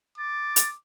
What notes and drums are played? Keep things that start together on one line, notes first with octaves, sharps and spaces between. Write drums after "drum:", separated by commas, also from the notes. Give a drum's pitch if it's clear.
D6 A6
drum: hi-hat